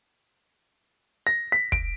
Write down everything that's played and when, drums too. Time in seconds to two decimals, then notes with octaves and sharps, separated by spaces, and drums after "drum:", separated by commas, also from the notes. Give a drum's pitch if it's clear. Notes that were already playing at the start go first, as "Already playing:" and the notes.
1.27 A#6
1.52 B6
1.72 D7, drum: kick